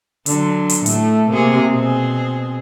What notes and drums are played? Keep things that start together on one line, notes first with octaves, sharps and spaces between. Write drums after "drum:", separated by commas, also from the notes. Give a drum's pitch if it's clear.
D3 F#3, drum: hi-hat
drum: hi-hat
A2 A3, drum: hi-hat
C3 A#3 G#4
B2 C4 G#4